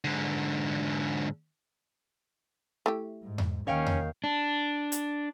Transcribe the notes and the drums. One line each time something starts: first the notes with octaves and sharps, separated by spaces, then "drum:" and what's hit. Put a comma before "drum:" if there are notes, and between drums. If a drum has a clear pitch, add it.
G#2 D3
A3 E4 G4
G#2
drum: tom E2
D#2 D#3 C#4 C#5 F5 G5
drum: tom E2
D4
drum: hi-hat